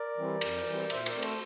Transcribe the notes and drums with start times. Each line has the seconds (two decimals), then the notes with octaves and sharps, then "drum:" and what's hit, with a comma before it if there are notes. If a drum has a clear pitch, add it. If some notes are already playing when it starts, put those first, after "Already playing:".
Already playing: A#4 D5
0.17 E3 G3 C4
0.41 F2, drum: cymbal
0.66 E3 G3 C4
0.90 A#2 C5 E5, drum: cymbal
1.06 A#4 D5, drum: cymbal
1.14 A3 C4
1.22 A4 C5, drum: cymbal